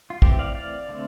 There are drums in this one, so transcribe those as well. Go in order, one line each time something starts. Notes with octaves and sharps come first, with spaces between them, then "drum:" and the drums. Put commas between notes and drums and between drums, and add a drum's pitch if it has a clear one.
F4
E3 A3 C4 G4, drum: kick
D5 F5
D5 F5
D3 A3 C4